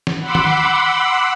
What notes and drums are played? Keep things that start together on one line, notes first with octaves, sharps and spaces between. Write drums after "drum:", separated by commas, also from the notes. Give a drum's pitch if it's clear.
drum: snare
F#5 B5 C6 D6 E6
drum: tom D#3